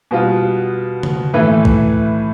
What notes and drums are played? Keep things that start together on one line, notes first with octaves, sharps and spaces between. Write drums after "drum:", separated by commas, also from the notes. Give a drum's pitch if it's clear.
B2 G3 B3 F4
drum: tom C#3
A2 E3 A3 E4 B4
drum: kick